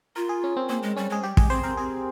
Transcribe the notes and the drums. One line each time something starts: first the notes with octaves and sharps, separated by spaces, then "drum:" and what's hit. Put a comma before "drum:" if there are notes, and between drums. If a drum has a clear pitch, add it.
F4 A#4
G#4
C#4
C4
A#3 C4
G#3
G3 C#4
G#3 G#4
G3 G4
G#3 G#4, drum: kick
C4 C5
C4 A#4
C4 G#4